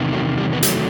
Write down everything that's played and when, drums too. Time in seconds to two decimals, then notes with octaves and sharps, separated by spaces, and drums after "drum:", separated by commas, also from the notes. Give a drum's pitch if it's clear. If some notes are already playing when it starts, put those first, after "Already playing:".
Already playing: E2 C3 D#3
0.12 F#3 A3
0.38 G3
0.53 B3
0.63 F#3 A3, drum: hi-hat